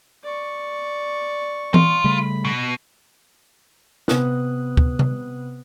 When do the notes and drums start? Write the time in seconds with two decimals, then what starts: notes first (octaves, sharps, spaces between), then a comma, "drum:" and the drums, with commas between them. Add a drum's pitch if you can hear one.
0.24 D5 C#6
1.74 F4, drum: tom E3
2.04 C#3 G3 A3 B5
2.45 B2
4.08 C3 B3 B4 D#6 F#6, drum: snare
4.77 drum: kick
4.99 drum: tom C3